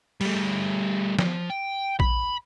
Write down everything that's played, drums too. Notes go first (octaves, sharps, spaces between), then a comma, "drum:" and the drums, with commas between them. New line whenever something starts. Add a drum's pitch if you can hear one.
G3 A3, drum: cymbal
F3, drum: snare
G5
B5, drum: kick A#1